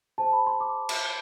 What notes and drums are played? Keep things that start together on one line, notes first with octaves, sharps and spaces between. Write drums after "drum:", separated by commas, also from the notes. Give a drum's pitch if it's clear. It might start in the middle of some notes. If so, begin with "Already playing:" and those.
G#4 C5 A5
B5
C6
D6
drum: cymbal